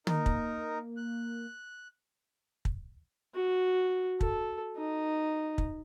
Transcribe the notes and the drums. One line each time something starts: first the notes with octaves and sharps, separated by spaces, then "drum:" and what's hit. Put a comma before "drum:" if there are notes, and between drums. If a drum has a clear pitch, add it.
A#3 D#4 A#4, drum: tom
drum: kick
F#6
drum: kick
F#4
A4, drum: kick
D#4
drum: kick